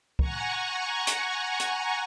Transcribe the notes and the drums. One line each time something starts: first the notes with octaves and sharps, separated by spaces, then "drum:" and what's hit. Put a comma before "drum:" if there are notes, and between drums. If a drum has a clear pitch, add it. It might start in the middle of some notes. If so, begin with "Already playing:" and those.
F#5 G#5 A#5 C#6, drum: kick
drum: hi-hat
drum: hi-hat